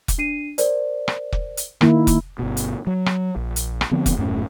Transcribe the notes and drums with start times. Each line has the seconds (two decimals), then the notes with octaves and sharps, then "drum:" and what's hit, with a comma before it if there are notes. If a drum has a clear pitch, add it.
0.08 drum: kick, hi-hat
0.18 D4 C7 D#7
0.58 A#4 C5 D5, drum: hi-hat
1.08 drum: rim click
1.32 drum: kick
1.57 drum: hi-hat
1.81 D#3 A#3 E4 A#4, drum: rim click
2.07 drum: kick, hi-hat
2.39 G1 B2
2.57 drum: hi-hat
2.87 F#3
3.06 drum: rim click
3.36 A#1
3.56 drum: hi-hat
3.81 drum: rim click
3.91 D3 F3 B3 C4
4.06 drum: kick, hi-hat
4.17 D#1 F#2 A2 C#4